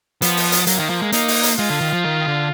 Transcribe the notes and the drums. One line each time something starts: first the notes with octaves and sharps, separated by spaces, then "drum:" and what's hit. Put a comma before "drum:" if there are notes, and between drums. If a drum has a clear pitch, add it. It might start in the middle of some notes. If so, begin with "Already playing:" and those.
F3 B3, drum: hi-hat
drum: open hi-hat
drum: hi-hat
F#3 A#3, drum: hi-hat
D#3
F3
G#3
A#3 D#4, drum: hi-hat
drum: open hi-hat
drum: hi-hat
G#3 F4
D3
D#3
F3
D#3
D3